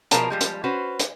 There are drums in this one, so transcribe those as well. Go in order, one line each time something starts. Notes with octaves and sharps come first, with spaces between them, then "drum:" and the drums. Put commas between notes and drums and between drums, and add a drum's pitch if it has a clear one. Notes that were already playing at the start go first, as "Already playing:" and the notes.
B2 F3 G#4 A#4 A5, drum: hi-hat
F3 G3 G#3
drum: hi-hat
C#4 F#4 B4 C5
drum: hi-hat